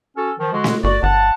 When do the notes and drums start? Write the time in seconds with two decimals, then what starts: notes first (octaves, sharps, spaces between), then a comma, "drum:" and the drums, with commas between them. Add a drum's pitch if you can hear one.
0.17 C#4 F#4 A4
0.40 D#3 F3
0.53 D3 G#3 F#4
0.64 drum: snare
0.84 G1 F#4 D5
1.03 G1 F#5 A5